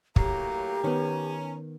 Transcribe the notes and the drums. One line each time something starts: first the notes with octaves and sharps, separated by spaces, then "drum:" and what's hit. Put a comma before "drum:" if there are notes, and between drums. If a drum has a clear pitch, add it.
A2 F#3 A#3 G4 A#5, drum: kick
D#3 B3 C#4